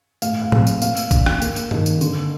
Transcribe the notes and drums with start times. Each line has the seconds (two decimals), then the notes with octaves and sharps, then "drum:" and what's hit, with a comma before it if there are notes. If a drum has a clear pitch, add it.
0.22 A2 F5, drum: tambourine
0.42 F5
0.52 C4, drum: tom A2
0.67 drum: tambourine
0.82 A#2 F5, drum: tambourine
0.97 drum: tambourine
1.11 D4, drum: kick, tambourine
1.26 drum: rim click
1.42 A#3, drum: tambourine
1.56 drum: tambourine
1.71 D#3, drum: tom G2
1.86 drum: tambourine
2.01 D3, drum: tambourine